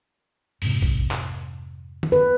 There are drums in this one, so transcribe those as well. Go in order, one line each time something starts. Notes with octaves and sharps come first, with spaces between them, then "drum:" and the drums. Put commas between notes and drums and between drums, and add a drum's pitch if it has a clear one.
F2 G#2 C3, drum: open hi-hat
drum: kick A#1
drum: clap
drum: tom
B4